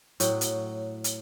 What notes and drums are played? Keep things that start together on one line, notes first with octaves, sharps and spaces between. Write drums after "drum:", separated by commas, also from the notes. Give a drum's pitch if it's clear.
A2 F#3, drum: hi-hat
drum: hi-hat
drum: hi-hat